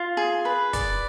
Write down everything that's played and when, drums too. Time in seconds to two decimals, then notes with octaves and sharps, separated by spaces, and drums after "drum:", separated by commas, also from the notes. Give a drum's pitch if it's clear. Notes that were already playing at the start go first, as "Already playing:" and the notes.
Already playing: F4
0.17 G#4
0.45 B4
0.73 D5, drum: kick, hi-hat